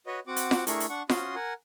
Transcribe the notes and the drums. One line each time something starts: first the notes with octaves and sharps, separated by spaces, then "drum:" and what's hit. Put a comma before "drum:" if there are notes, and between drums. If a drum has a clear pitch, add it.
F#4 B4 C#5 D#5
C4 F#4 F#5 D6
drum: hi-hat
drum: snare F4
A3 D4 E4 G#4 A#4 C#6, drum: hi-hat
drum: hi-hat
D4 F#5 C#6
C#4 F4 F#4 C6 D#6, drum: snare F4
A#4 F#5 G#5